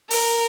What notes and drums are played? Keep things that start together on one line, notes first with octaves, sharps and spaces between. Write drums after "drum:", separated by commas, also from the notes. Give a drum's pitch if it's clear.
A#4, drum: open hi-hat